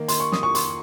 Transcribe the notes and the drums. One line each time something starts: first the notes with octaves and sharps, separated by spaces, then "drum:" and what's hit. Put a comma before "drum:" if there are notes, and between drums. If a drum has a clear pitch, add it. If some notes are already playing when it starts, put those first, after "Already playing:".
Already playing: D#3 A#3
C6, drum: hi-hat
C#6
D#6, drum: snare
C#6
C6, drum: hi-hat